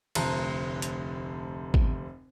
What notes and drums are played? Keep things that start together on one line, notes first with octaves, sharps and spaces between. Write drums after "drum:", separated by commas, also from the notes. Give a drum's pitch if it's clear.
F1 D2 C5 A5 A#5, drum: cymbal
drum: hi-hat
drum: kick G#1